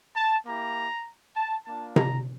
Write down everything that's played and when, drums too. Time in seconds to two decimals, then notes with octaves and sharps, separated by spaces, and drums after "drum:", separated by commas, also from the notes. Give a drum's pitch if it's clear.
0.16 A5
0.46 A#3 E4 G4 A#5
1.36 A5
1.66 A#3 D4 F4 A5
1.96 A#5, drum: tom C3